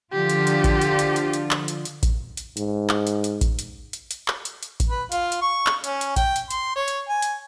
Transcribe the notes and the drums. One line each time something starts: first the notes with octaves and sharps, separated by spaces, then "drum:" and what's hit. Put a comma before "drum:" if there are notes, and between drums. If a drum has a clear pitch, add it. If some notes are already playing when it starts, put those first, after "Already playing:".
D3 F3 F4 G4
drum: hi-hat
drum: hi-hat
drum: kick A1, hi-hat
drum: hi-hat
drum: hi-hat
drum: hi-hat
drum: hi-hat
drum: clap
drum: hi-hat
drum: hi-hat
drum: kick A1, hi-hat
drum: hi-hat
G#2, drum: hi-hat
drum: clap
drum: hi-hat
drum: hi-hat
drum: kick A1, hi-hat
drum: hi-hat
drum: hi-hat
drum: hi-hat
drum: clap
drum: hi-hat
drum: hi-hat
drum: kick A1, hi-hat
B4
F4, drum: hi-hat
drum: hi-hat
C#6
drum: clap
C#4, drum: hi-hat
drum: hi-hat
G5, drum: kick A1, hi-hat
drum: hi-hat
C6, drum: hi-hat
C#5
drum: hi-hat
G#5
drum: hi-hat